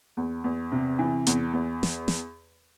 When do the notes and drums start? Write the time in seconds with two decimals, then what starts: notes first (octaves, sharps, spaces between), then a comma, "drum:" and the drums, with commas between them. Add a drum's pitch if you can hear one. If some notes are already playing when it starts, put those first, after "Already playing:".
0.17 E2
0.44 E2
0.72 C3
0.99 E3
1.27 E2, drum: hi-hat
1.53 E2
1.83 drum: snare
2.08 drum: snare